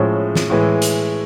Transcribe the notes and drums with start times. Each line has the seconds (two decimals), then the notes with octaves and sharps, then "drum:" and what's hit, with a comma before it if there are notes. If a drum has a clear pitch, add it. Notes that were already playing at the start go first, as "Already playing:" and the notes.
Already playing: A2 F3 G#3 C#4
0.35 drum: snare
0.50 A2 E3 G#3
0.82 drum: hi-hat